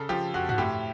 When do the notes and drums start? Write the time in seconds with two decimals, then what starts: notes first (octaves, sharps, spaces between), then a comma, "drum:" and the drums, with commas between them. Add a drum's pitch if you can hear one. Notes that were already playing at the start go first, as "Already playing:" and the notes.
Already playing: C#3 A4
0.09 F3 G4
0.34 F2 F#4
0.49 F#4, drum: tom G2
0.58 A2 G4